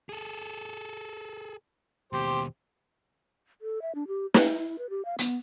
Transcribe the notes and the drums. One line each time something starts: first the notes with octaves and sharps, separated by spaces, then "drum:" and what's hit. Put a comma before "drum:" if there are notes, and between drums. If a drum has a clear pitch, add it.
G#4 A4
D#2 B2 G4 C5
A4
E5
D4
G4
C#4, drum: snare
E4
B4
G4
F5
B3, drum: hi-hat